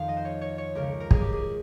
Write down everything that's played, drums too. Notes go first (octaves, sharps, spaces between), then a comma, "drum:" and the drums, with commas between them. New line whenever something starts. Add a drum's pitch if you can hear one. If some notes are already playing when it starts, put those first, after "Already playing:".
Already playing: F2 D#3 F5
D#5
C5
C#5
C#5
C#5
C#2 C#3 A#4
A#4
G#4, drum: kick
G4
G#4